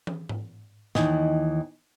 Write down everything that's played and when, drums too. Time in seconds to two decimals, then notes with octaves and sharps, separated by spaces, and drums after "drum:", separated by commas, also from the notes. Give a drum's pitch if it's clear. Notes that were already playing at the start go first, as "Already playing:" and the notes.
0.07 drum: tom
0.29 drum: tom G#2
0.95 D#2 D#3 E3, drum: snare